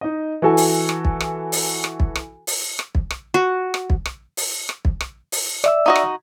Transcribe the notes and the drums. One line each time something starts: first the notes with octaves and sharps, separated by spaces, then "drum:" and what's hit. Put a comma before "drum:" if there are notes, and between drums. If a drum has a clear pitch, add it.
D#4 D#5
E3 F#4 A4 G#5
drum: open hi-hat
drum: rim click
drum: kick
drum: rim click
drum: open hi-hat
drum: rim click
drum: kick
drum: rim click
drum: open hi-hat
drum: rim click
drum: kick
drum: rim click
F#4
drum: rim click
drum: kick
drum: rim click
drum: open hi-hat
drum: rim click
drum: kick
drum: rim click
drum: open hi-hat
D5 E5 E6, drum: rim click
D#4 F#4 D#5
drum: rim click